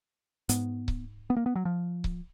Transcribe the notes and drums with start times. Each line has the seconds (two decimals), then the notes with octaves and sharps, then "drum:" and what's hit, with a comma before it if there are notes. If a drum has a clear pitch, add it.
0.49 G#2 B3, drum: hi-hat
0.88 drum: kick C#1
1.30 B3
1.36 A#3
1.46 B3
1.55 F#3
1.65 F3
2.04 drum: kick C#1